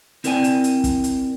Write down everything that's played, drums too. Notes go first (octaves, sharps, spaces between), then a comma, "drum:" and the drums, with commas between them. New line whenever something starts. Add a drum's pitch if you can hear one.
C4 E4 A#4 D5 G5 G#5, drum: hi-hat
drum: hi-hat
drum: hi-hat
drum: kick, hi-hat
drum: hi-hat